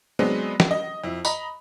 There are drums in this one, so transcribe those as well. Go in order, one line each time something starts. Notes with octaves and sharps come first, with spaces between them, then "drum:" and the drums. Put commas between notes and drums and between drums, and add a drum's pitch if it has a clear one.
F#3 G#3 B3 C4 D4
drum: snare
D#5
F2 E4
D#5 A#5 B5, drum: tambourine